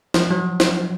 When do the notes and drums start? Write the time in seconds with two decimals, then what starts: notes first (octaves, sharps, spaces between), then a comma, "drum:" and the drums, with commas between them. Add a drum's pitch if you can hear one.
0.14 F3, drum: snare
0.30 F#3
0.60 drum: snare